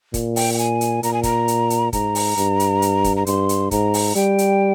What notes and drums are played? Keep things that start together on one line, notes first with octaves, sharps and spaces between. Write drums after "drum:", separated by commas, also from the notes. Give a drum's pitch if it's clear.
A#2, drum: kick, hi-hat
G5, drum: open hi-hat
G5
G#5, drum: hi-hat
drum: hi-hat
A#2 A#5, drum: hi-hat
G#5
A#5, drum: kick, hi-hat
drum: hi-hat
drum: hi-hat
G#2 A#5, drum: kick, hi-hat
drum: open hi-hat
G2, drum: hi-hat
drum: hi-hat
drum: hi-hat
drum: kick, hi-hat
A#5
G2 C6, drum: hi-hat
drum: hi-hat
G#2 A#5, drum: kick, hi-hat
drum: open hi-hat
G3 G5, drum: hi-hat
drum: hi-hat